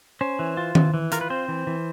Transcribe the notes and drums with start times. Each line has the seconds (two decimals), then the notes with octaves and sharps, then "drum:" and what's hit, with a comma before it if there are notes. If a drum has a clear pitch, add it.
0.21 C#4 C5
0.39 E3
0.57 F4
0.75 E3, drum: tom D#3
0.94 E3
1.12 F4 A#4, drum: hi-hat
1.21 B4
1.30 C4 C5
1.48 E3
1.67 E3